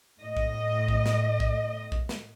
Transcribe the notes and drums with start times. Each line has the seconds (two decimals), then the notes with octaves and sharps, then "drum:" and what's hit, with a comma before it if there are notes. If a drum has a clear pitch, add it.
0.19 A2 D#5
0.37 drum: kick
0.88 drum: kick
1.06 drum: snare
1.40 drum: kick
1.92 drum: kick
2.09 drum: snare